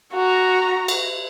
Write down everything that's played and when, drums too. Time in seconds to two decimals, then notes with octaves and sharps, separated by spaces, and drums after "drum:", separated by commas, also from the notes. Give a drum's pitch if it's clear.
0.13 F#4 A#5
0.88 drum: cymbal